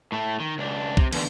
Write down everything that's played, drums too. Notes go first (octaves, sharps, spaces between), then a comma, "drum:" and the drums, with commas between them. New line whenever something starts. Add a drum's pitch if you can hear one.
A2 A3
D#3
C#2 D4
C3, drum: kick
E2 D3, drum: cymbal